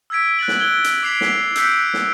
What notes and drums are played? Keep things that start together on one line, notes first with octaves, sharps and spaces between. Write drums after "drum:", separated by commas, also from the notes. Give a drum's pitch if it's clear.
E6 F6 G#6 B6 D7
F#6 A6 F#7
drum: snare
G#6 G7
drum: hi-hat
D6 B6 C7 D7 F7
drum: snare
E6 F#6 G6 B6 C#7 D7, drum: hi-hat
drum: snare